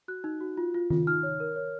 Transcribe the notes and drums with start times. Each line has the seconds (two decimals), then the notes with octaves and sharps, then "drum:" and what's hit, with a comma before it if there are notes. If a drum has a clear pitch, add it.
0.08 F#4 F#6
0.24 D#4
0.41 F#4
0.57 F4
0.74 F4
0.90 F4, drum: tom D#3
1.07 D#4 F6
1.23 C#5
1.40 A#4
1.56 C#5